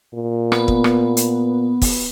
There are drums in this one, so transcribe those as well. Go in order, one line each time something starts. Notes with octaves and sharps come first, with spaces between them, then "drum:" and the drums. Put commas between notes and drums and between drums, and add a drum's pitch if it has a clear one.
A#2
B3, drum: rim click
drum: kick
drum: rim click
drum: hi-hat
drum: kick, open hi-hat